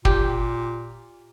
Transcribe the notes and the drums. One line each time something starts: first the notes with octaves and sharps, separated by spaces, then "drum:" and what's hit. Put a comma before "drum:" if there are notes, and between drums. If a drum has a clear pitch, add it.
A#2 G4, drum: kick